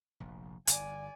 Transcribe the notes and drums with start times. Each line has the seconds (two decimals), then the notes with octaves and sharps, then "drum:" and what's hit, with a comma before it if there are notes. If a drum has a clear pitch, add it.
0.20 F1 A#1
0.67 G1 D5 G#5, drum: hi-hat